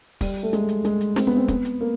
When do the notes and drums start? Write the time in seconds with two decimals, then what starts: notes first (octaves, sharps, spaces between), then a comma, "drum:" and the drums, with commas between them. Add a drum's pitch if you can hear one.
0.21 G3, drum: kick, open hi-hat
0.43 A3
0.53 G#3, drum: hi-hat
0.69 drum: hi-hat
0.85 G#3, drum: hi-hat
1.01 drum: hi-hat
1.16 C4, drum: snare
1.27 B3
1.36 C4
1.48 B3, drum: kick, hi-hat
1.65 drum: hi-hat
1.81 A#3